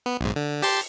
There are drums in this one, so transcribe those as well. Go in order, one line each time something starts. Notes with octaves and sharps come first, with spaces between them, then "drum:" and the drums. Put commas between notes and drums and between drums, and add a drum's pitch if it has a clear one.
B3
B1 G#2
D3
G4 A5 C6, drum: open hi-hat